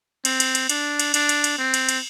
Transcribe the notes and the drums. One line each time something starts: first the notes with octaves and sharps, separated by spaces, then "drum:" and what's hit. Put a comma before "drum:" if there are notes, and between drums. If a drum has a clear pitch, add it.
C4, drum: cymbal
drum: cymbal
drum: cymbal
D4, drum: cymbal
drum: cymbal
D4, drum: cymbal
drum: cymbal
drum: cymbal
C4
drum: cymbal
drum: cymbal